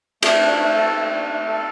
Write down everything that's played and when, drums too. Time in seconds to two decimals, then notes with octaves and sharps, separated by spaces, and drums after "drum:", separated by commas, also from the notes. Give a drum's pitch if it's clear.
0.23 A3, drum: cymbal
0.41 D4
0.59 A3
0.76 A4
0.94 A3
1.12 D4
1.29 A3
1.48 A4